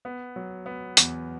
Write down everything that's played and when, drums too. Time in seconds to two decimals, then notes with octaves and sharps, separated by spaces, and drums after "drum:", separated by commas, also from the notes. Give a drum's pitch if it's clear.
0.05 B3
0.36 F#3
0.66 B3
0.97 E2, drum: hi-hat